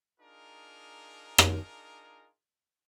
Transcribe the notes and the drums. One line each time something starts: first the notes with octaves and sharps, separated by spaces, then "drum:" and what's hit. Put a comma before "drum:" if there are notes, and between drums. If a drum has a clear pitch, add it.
D4 D#4 F4 G#4 A#4
drum: rim click